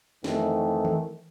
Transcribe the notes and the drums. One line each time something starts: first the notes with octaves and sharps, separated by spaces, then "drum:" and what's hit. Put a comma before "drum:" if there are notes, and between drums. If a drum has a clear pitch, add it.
F2 D#3 E3 A3, drum: snare
drum: tom D#3